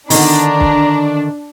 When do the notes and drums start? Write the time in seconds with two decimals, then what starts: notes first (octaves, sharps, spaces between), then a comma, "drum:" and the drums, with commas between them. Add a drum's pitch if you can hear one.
0.10 D3 D#3 D4 A#5, drum: open hi-hat
0.60 drum: kick